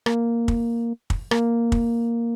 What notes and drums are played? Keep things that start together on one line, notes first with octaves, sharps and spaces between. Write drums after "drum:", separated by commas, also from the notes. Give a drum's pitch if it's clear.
A#3, drum: rim click
drum: kick
drum: kick
A#3, drum: rim click
drum: kick